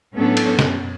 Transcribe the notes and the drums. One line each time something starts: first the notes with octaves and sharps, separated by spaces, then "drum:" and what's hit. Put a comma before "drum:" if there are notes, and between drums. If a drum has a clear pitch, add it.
A2 F#3 B3 C#4 D4 A4
drum: cymbal
F#2 B2, drum: snare